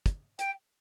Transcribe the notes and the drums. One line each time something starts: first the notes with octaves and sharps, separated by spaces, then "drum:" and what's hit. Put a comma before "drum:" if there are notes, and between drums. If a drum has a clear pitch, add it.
drum: kick, hi-hat
G5, drum: hi-hat